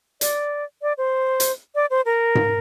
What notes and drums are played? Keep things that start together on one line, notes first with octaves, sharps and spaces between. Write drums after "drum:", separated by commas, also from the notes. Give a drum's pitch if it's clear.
D5, drum: hi-hat
D5
C5
drum: hi-hat
D5
C5
A#4
drum: tom G#2